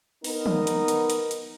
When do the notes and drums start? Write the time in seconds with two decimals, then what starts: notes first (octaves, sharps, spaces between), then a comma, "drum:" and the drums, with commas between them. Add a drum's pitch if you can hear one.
0.24 B3 D#4 A#4, drum: open hi-hat
0.46 drum: tom
0.67 drum: hi-hat
0.88 drum: hi-hat
1.10 drum: hi-hat
1.31 drum: hi-hat